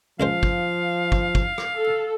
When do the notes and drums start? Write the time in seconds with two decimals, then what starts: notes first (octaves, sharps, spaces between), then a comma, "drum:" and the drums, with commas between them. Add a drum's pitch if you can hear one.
0.20 C#2 F3 G#3 C5 F5
0.43 drum: kick
1.12 drum: kick
1.35 drum: kick
1.58 drum: rim click
1.74 A4